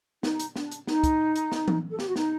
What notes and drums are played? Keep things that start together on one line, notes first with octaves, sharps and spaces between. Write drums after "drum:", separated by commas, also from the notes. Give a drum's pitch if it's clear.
D#4, drum: snare
drum: hi-hat
D4, drum: snare
drum: hi-hat
D#4, drum: snare
drum: kick, hi-hat
drum: hi-hat
drum: snare
drum: tom E3
A4
G4, drum: snare
F#4
D#4, drum: snare